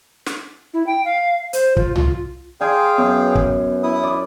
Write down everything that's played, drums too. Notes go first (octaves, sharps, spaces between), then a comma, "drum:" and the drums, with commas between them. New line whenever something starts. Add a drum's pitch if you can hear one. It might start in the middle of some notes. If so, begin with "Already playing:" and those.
drum: snare
E4
G5
F5
C5, drum: hi-hat
F4, drum: kick
F4, drum: tom C2
G#4 D5 F5 G5 G#5 C6
F#2 B3
drum: kick
E4 D#6
D5